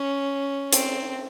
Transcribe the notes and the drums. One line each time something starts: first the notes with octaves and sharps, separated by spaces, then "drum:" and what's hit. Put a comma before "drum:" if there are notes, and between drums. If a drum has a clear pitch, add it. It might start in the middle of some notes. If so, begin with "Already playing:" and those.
Already playing: C#4
C4, drum: hi-hat